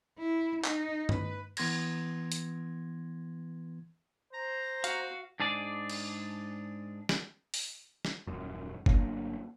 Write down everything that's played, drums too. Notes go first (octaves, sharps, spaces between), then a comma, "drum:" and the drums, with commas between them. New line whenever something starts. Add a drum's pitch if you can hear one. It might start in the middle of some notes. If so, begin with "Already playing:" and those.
E4
D#4, drum: clap
B4, drum: tom G2
E3 B3 C6 G#6 A#6, drum: cymbal
drum: hi-hat
C5 A#5
F#4 F5, drum: hi-hat
G#2 D4 G#4 D5
drum: cymbal
drum: snare
drum: open hi-hat
drum: snare
D#1 F#2
G1 F#3 A#3 D4, drum: kick G1